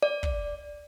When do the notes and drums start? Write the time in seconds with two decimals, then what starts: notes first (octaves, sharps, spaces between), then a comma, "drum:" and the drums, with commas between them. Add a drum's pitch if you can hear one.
0.03 D5
0.23 drum: kick